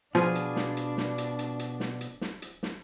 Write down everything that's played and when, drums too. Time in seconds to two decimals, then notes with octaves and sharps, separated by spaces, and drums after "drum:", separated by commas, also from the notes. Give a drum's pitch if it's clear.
0.15 B2 F3 D4 F4 G#4, drum: snare
0.35 drum: hi-hat
0.56 drum: snare
0.77 drum: hi-hat
0.97 drum: snare
1.18 drum: hi-hat
1.39 drum: hi-hat
1.59 drum: hi-hat
1.80 drum: snare
2.01 drum: hi-hat
2.21 drum: snare
2.42 drum: hi-hat
2.63 drum: snare